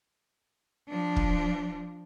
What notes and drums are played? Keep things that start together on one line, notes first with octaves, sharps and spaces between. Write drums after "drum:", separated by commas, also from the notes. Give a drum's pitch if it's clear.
F3 D4
drum: kick